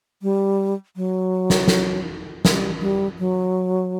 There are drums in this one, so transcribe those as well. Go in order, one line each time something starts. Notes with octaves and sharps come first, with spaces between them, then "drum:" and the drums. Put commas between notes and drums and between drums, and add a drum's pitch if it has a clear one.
G3
F#3
drum: snare
drum: snare
G3, drum: snare
G3
F#3